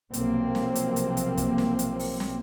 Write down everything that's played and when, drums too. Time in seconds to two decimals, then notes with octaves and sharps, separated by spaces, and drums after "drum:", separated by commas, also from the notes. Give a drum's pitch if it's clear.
0.13 B1 C3 F3 A#3 C4, drum: hi-hat
0.55 drum: snare
0.75 drum: hi-hat
0.96 drum: hi-hat
1.17 drum: hi-hat
1.37 drum: kick, hi-hat
1.58 drum: snare
1.79 drum: hi-hat
1.99 drum: open hi-hat
2.20 drum: snare